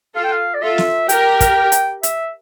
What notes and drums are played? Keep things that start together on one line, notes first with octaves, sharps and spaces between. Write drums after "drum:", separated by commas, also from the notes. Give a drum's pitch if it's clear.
F4 A4 F5
G5
F5
D5
F4 A4 E5
drum: snare
G4 A#4 G5, drum: hi-hat
drum: kick, hi-hat
drum: hi-hat
E5, drum: hi-hat